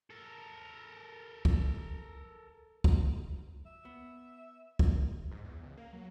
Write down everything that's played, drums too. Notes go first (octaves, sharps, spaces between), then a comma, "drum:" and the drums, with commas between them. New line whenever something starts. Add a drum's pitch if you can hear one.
A4 A#4
drum: kick
drum: kick
E5
B3
drum: kick
G#2
E2
C#2
A#3
F#3